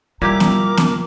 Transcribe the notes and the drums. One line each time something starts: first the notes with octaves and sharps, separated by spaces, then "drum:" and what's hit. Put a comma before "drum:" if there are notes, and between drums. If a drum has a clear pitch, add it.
A#2 G3 E4 G4 A#4 A#5 D6
drum: snare B3
drum: snare B3